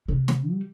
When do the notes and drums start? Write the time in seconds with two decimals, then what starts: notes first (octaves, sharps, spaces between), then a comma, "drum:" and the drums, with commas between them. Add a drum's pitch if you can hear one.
0.08 C3
0.28 drum: snare
0.51 G3